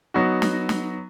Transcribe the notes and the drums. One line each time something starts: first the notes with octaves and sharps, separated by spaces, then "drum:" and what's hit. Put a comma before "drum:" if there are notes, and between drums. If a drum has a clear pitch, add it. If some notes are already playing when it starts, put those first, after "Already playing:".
F#3 B3 D#4 F#4
drum: snare
drum: snare